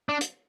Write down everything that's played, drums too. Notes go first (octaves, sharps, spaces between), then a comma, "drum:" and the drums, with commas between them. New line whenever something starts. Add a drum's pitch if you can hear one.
D4
drum: hi-hat